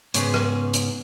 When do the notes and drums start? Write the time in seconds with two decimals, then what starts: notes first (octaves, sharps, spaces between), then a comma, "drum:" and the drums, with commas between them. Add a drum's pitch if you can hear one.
0.14 G#2 C#3 B3 G#4, drum: hi-hat
0.34 drum: rim click
0.73 drum: hi-hat